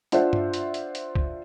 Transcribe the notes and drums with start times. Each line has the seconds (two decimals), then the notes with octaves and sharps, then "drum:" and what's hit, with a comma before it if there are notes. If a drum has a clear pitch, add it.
0.12 D4 F4 C5 D5 E5 F#5, drum: hi-hat
0.33 drum: tom G2
0.54 drum: hi-hat
0.74 drum: hi-hat
0.95 drum: hi-hat
1.15 drum: kick